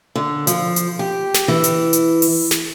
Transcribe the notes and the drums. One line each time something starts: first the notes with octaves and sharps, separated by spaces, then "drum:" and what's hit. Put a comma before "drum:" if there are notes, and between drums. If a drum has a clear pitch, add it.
D3
F3, drum: hi-hat
drum: hi-hat
G4
drum: snare
E3
drum: hi-hat
drum: hi-hat
drum: open hi-hat
drum: snare